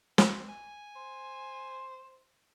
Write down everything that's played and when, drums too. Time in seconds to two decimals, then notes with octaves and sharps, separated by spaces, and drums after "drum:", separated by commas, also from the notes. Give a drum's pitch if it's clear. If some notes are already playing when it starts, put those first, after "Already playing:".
0.18 C4, drum: snare
0.49 G#5
0.96 C5